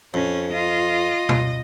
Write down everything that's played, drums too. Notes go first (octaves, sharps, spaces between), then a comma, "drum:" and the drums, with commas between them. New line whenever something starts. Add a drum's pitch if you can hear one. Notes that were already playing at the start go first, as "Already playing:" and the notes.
F2 C#4
F4 D#5
drum: tom B2